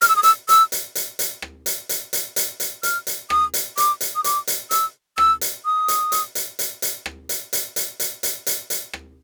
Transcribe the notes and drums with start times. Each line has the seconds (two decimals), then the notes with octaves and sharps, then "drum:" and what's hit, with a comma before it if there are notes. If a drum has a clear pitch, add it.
0.02 F6, drum: hi-hat
0.09 E6
0.16 D#6
0.23 E6, drum: hi-hat
0.49 E6, drum: hi-hat
0.72 drum: hi-hat
0.95 drum: hi-hat
1.19 drum: hi-hat
1.42 drum: rim click
1.66 drum: hi-hat
1.89 drum: hi-hat
2.13 drum: hi-hat
2.36 drum: hi-hat
2.60 drum: hi-hat
2.83 F6, drum: hi-hat
3.07 drum: hi-hat
3.30 D#6, drum: rim click
3.54 drum: hi-hat
3.77 D6, drum: hi-hat
4.01 drum: hi-hat
4.16 D#6
4.24 D6, drum: hi-hat
4.47 drum: hi-hat
4.71 E6, drum: hi-hat
5.18 E6, drum: rim click
5.41 drum: hi-hat
5.65 D#6
5.88 drum: hi-hat
6.12 drum: hi-hat
6.35 drum: hi-hat
6.59 drum: hi-hat
6.82 drum: hi-hat
7.06 drum: rim click
7.29 drum: hi-hat
7.53 drum: hi-hat
7.76 drum: hi-hat
8.00 drum: hi-hat
8.23 drum: hi-hat
8.46 drum: hi-hat
8.70 drum: hi-hat
8.93 drum: rim click